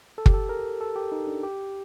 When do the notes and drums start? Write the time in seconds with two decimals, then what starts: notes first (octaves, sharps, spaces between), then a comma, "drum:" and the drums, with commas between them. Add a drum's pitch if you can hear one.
0.18 A4
0.26 G4, drum: kick
0.34 A4
0.49 A#4
0.81 A4
0.96 G4
1.12 D#4
1.27 D4
1.43 G4